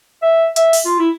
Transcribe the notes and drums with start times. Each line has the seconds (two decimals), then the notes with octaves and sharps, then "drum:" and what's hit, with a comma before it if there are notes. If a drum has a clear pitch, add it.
0.22 E5
0.56 E5, drum: hi-hat
0.73 drum: open hi-hat
0.85 F4
0.99 E4